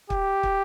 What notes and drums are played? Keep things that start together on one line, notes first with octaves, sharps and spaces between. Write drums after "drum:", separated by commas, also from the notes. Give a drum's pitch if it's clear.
G4, drum: kick
drum: kick